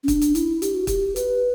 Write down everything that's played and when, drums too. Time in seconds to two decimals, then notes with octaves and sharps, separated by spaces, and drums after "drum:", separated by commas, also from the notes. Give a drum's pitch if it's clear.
0.04 C#4
0.08 D4, drum: kick, hi-hat
0.22 drum: hi-hat
0.35 E4, drum: hi-hat
0.62 G4, drum: hi-hat
0.75 F#4
0.87 G4, drum: kick, hi-hat
1.16 B4, drum: hi-hat